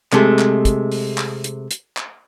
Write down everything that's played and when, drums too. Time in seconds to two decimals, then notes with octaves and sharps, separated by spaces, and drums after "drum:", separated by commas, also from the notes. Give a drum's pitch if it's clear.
0.12 C3 G#3 A3, drum: clap
0.39 drum: clap
0.65 drum: kick, hi-hat
0.92 drum: open hi-hat
1.18 drum: clap
1.44 drum: hi-hat
1.71 drum: hi-hat
1.97 drum: clap